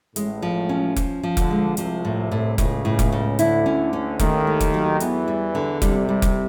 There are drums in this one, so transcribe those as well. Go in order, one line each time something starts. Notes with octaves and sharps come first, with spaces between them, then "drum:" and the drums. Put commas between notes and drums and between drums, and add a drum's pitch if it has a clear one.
A1 A2 G#3, drum: hi-hat
F3
C#4
F3, drum: kick F1, hi-hat
F3
D2 D3, drum: kick F1, hi-hat
G#3
C2 C3 F3, drum: hi-hat
A2
A2
C#2 A2 C#3, drum: kick F1, hi-hat
A2
drum: kick F1, hi-hat
A2
D2 D3 E4, drum: hi-hat
C#4
C#4
D#2 D#3 A3, drum: kick F1, hi-hat
A3
drum: kick F1, hi-hat
F#3
E2 E3 B3, drum: hi-hat
G3
D3
C2 C3 G3, drum: kick F1, hi-hat
G3
drum: kick F1, hi-hat